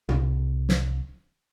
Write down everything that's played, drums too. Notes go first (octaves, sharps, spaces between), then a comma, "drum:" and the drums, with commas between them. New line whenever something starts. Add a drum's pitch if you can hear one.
C2, drum: tom
drum: snare